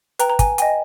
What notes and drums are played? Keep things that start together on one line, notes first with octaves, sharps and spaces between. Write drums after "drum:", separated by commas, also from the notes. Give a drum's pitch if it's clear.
B4 G5 A#5, drum: hi-hat
A#5
G#5, drum: kick, hi-hat
D#5 G5 G#5, drum: hi-hat